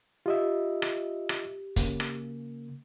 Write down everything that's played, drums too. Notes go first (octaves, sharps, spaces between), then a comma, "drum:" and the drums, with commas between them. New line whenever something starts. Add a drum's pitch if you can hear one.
F4 G4 D#5 E5
drum: rim click
drum: rim click
C#3 A#3, drum: kick, hi-hat
drum: rim click